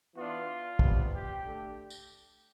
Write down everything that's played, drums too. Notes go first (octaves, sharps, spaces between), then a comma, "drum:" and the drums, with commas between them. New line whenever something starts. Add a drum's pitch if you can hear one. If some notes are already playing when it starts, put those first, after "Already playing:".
E3 B3 D4 F4
C3 G3 B3 D4, drum: kick
G4
D3 A3 D4
drum: tambourine